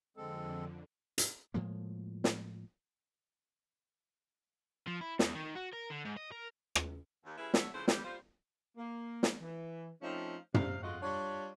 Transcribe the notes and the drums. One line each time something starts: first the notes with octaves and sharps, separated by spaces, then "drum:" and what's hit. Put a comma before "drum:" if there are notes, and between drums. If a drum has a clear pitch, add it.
F2 D3 G#3 C4 A4
drum: hi-hat
A2 F3 G#3 A#3
drum: snare
F3
E4
E2, drum: snare
D#3
F#4
A#4
D3
G#2
D#5
A#4
drum: rim click
D#2
G3 C#4 E4 G#4 B4
F#4 A4 C#5 E5, drum: snare
C#3 E3 F3 A3 E4 C5
E3 G3 G4, drum: snare
G3 F4 C5
A#3
drum: snare
E3
F3 A3 C4 C#4 D#4
C3 F5, drum: tom
F2 G#3 F4 F#4 D#5 F#5
G3 D4 F4 C#5